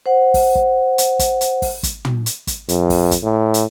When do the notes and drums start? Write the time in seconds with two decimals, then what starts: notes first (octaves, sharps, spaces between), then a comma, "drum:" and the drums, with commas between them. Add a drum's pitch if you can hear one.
0.06 C5 F#5
0.34 drum: kick, open hi-hat
0.55 drum: kick
0.98 drum: hi-hat
1.19 drum: kick, hi-hat
1.41 drum: hi-hat
1.62 drum: kick, open hi-hat
1.83 drum: kick, hi-hat
2.05 drum: tom
2.26 drum: hi-hat
2.47 drum: kick, hi-hat
2.69 F2, drum: hi-hat
2.90 drum: kick, open hi-hat
3.11 drum: kick, hi-hat
3.23 A2
3.54 drum: hi-hat